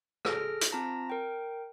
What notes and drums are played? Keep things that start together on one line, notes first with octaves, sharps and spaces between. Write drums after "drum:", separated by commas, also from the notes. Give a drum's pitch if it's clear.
G#4 A4 F6 A#6, drum: rim click
drum: hi-hat
C4 F4 A5 A#5 A#6
A#4 G5